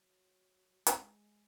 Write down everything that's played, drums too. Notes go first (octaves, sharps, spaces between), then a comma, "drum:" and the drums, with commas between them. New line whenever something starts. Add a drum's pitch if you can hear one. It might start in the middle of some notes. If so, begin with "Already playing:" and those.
Already playing: F#3
G#3, drum: hi-hat